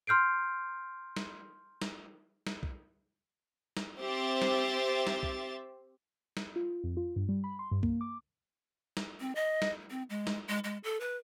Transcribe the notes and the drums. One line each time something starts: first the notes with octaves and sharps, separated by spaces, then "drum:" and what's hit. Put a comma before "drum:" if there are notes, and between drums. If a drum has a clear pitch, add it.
C6 F6 G6 C7 D7
drum: snare
drum: snare
drum: snare
drum: kick B1
drum: snare
C4 G4 C5 E5 A6
drum: snare
drum: snare
drum: kick B1
drum: snare
F4
F2
F4
G2
G3
B5
C6
G2
A#3, drum: kick B1
D6
drum: snare
C4
D#5
drum: snare
C4
G#3
drum: snare
G#3
G#3
A4
B4